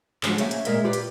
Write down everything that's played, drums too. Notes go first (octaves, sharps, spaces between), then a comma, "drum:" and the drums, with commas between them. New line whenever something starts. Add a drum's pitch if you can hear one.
D3 F3 F#3 G#3 F#4, drum: clap
A3 A#3 C#4 E5 F#5 G#5, drum: hi-hat
drum: hi-hat
A#2 E3 G#3 A#4 D#5 E5, drum: hi-hat
F4 G4 B4 D5
drum: hi-hat